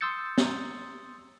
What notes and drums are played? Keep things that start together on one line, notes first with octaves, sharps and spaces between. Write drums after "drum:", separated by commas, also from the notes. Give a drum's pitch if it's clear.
C6 D#6 E6 G6 A6 C#7
drum: snare